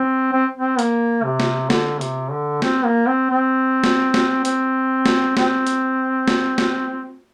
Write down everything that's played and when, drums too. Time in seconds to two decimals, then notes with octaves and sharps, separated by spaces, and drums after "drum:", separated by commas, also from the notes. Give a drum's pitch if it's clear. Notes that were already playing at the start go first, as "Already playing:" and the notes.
Already playing: C4
0.33 C4
0.58 C4
0.79 A#3, drum: hi-hat
1.24 C3
1.40 drum: snare
1.70 D3, drum: snare
2.01 C3, drum: hi-hat
2.32 D3
2.62 C4, drum: snare
2.85 A#3
3.07 C4
3.30 C4
3.84 drum: snare
4.14 drum: snare
4.45 C4, drum: hi-hat
5.06 drum: snare
5.37 C4, drum: snare
5.67 drum: hi-hat
6.28 drum: snare
6.58 drum: snare